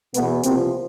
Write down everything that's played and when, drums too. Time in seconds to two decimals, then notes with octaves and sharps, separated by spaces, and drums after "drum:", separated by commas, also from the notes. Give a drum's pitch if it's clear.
0.14 B2 A3 B3, drum: hi-hat
0.19 E2
0.43 C2 C3 F3 A#3 C4, drum: hi-hat